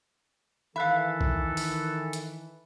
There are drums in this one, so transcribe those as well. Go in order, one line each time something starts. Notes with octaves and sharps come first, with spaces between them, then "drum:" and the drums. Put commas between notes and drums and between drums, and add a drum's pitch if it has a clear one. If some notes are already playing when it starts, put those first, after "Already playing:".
D#3 E3 A4 E5 F5 B5 F#6 B6
drum: kick B1
drum: open hi-hat
drum: hi-hat